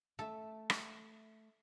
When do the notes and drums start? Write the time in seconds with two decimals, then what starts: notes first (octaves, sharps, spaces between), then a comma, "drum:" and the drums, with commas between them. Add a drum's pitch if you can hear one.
0.19 A3 A4 E5
0.70 drum: rim click